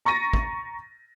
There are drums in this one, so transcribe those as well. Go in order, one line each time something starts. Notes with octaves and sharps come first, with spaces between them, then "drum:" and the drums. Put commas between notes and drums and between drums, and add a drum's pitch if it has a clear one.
A#5 C#6 A6 A#6 D#7
drum: kick